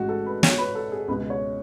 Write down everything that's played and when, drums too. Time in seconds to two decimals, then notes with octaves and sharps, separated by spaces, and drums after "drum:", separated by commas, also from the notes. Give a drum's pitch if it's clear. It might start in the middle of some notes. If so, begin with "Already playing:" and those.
Already playing: A1 G#2 G#3 F#4
0.09 A4
0.26 B4
0.43 C#5, drum: snare
0.58 B4
0.75 A4
0.92 G#4
1.08 C#2 B2 G#3 B4
1.30 C#5